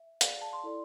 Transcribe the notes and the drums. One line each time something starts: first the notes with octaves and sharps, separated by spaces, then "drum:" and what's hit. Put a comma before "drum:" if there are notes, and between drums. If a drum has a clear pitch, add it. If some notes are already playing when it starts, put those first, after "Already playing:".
Already playing: E5
G#4 D5 F5, drum: hi-hat
A5
C6
E4 A4 D5